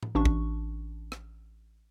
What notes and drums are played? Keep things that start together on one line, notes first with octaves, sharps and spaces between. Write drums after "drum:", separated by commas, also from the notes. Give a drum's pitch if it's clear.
drum: tom A2
A1 D4 C#6
drum: kick
drum: rim click